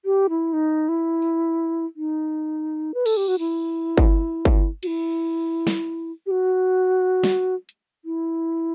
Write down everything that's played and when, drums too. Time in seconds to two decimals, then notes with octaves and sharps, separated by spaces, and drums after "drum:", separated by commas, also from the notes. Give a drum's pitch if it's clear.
0.05 G4
0.29 E4
0.53 D#4
0.89 E4
1.22 drum: tambourine
1.96 D#4
2.94 B4
3.06 A4, drum: cymbal
3.17 G4
3.28 F#4
3.39 E4, drum: tambourine
3.98 drum: kick G1
4.45 drum: kick G1
4.83 F#4, drum: cymbal
4.87 E4
5.67 drum: snare
6.26 G4
6.31 F#4
7.24 drum: snare
7.69 drum: hi-hat
8.05 E4